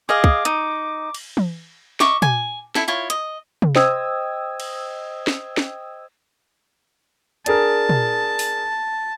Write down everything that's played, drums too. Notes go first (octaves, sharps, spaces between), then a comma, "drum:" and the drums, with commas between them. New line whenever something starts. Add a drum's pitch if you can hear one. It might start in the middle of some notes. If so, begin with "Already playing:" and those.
G#4 D#5 F5 D6
drum: kick
D#4, drum: hi-hat
drum: cymbal
drum: tom E3
D#5 E5 C#6 D6, drum: snare
G#5, drum: tom
E4 A4, drum: snare
E4 F4 C#5
D#5, drum: hi-hat
drum: tom
C5 D#5 G5 D#6 E6 G#6, drum: snare
drum: cymbal
drum: snare
drum: snare
D4 G#4 A#4 A5, drum: hi-hat
drum: tom
drum: open hi-hat